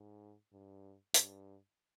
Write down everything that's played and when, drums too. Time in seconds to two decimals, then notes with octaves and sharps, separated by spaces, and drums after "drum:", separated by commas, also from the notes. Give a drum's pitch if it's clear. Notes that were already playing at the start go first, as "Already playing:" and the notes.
Already playing: G#2
0.53 G2
1.14 G2, drum: hi-hat